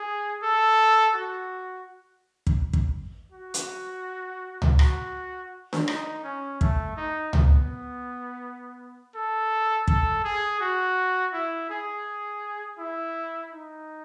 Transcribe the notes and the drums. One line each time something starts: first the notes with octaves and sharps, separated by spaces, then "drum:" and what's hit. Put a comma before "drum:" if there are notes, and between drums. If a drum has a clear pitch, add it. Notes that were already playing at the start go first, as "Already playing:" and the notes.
Already playing: G#4
A4
F#4
drum: kick
drum: kick
F#4
drum: hi-hat
drum: tom C#2
F#4, drum: rim click
drum: snare
D#4, drum: rim click
C#4
A3, drum: kick
D#4
B3, drum: tom C#2
A4
A4, drum: kick
G#4
F#4
E4
G#4
E4
D#4